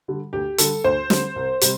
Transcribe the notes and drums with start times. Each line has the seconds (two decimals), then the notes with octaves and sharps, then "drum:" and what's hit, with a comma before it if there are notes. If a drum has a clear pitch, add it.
0.08 D3 G3
0.33 D2 G4
0.58 D3 G3 A4, drum: hi-hat
0.84 D2 C5
1.10 D3 G3, drum: snare
1.36 C2
1.61 C3 G3, drum: hi-hat